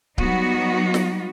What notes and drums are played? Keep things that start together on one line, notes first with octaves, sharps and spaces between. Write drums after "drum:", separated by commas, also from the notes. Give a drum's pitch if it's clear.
F#3 G3 B3 D#4 F#4, drum: kick C#1
drum: snare